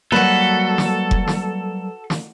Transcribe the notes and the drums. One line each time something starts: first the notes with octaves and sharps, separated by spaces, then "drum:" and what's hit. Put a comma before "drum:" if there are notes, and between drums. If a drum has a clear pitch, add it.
F#3 G3 A#3 F#4 A4 B4
drum: snare
drum: kick F1
drum: snare
drum: snare